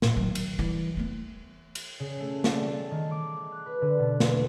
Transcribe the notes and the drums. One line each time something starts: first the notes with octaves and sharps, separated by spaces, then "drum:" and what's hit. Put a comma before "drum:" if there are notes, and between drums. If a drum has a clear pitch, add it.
A#2, drum: snare
D#3 F#3
drum: cymbal
E3 G3
A3 B3
drum: cymbal
C#3
A3
G3, drum: snare
A5
D#3
D6
F#6
B4
D3
B2
E1, drum: snare
C#6